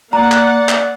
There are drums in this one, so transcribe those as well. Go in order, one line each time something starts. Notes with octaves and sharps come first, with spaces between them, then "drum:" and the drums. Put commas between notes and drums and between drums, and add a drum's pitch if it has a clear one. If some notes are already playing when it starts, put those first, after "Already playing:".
A#3 D5 F#5 A#5
drum: clap
drum: clap